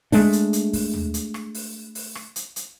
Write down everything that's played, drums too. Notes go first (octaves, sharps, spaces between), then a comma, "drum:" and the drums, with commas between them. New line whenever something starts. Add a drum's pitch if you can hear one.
G#3 A3 D4, drum: kick, open hi-hat
drum: hi-hat
drum: hi-hat
drum: kick, open hi-hat
drum: tom D#2
drum: hi-hat
drum: rim click
drum: open hi-hat
drum: open hi-hat
drum: rim click
drum: hi-hat
drum: hi-hat